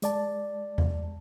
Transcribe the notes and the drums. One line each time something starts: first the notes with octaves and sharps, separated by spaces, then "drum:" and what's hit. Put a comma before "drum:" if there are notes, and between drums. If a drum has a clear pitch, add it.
G#3 D5 A5, drum: hi-hat
drum: tom E2